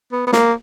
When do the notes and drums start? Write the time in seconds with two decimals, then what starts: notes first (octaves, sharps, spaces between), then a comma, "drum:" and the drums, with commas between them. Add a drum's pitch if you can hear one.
0.12 B3
0.27 B3
0.33 A#3, drum: snare